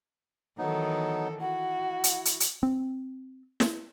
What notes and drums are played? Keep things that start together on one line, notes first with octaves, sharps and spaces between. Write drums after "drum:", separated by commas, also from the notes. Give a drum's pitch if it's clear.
D#3 E3 F#3 B3 D#4 A4
E4 F#4 F#5
drum: hi-hat
drum: hi-hat
drum: hi-hat
C4
drum: snare